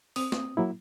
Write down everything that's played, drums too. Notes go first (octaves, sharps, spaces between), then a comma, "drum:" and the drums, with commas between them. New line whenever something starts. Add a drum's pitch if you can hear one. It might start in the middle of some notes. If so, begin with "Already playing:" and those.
C4 D#6, drum: open hi-hat
drum: snare
F#3 A#3 E4